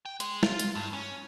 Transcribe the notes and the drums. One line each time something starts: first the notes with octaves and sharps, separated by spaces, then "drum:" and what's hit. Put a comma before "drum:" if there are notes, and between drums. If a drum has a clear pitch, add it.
G5
G#3, drum: hi-hat
F4, drum: snare
drum: hi-hat
G2
C#4